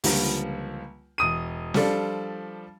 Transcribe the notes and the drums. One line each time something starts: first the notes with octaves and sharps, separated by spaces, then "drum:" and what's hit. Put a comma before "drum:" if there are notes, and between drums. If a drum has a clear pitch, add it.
C#2 D3 F3 G3 A#3, drum: open hi-hat
E1 D#6 D#7
F3 G3 D4 F4 A4 D5, drum: snare